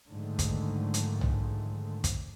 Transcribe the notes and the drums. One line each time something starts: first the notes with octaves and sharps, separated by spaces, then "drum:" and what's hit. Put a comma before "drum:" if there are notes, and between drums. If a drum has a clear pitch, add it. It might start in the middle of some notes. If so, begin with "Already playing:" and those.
G#2 D3 D#3 F3 G#3 A3
drum: kick, hi-hat
drum: hi-hat
drum: tom B1
drum: kick, hi-hat